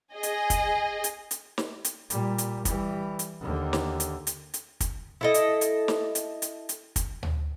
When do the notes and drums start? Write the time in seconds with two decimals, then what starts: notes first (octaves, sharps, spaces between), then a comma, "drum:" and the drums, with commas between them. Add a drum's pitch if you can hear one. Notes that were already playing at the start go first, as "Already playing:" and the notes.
0.13 G#4 D#5 G#5
0.23 drum: hi-hat
0.50 drum: kick, hi-hat
1.04 drum: hi-hat
1.31 drum: hi-hat
1.58 drum: snare
1.85 drum: hi-hat
2.10 A#2 G3, drum: hi-hat
2.38 drum: hi-hat
2.65 E3 G3, drum: kick, hi-hat
3.19 drum: hi-hat
3.41 D#2 D3
3.73 drum: snare
4.00 drum: hi-hat
4.27 drum: hi-hat
4.54 drum: hi-hat
4.80 drum: kick, hi-hat
5.21 E4 A4 D#5
5.34 drum: hi-hat
5.61 drum: hi-hat
5.88 drum: snare
6.15 drum: hi-hat
6.42 drum: hi-hat
6.69 drum: hi-hat
6.96 drum: kick, hi-hat
7.23 drum: tom D2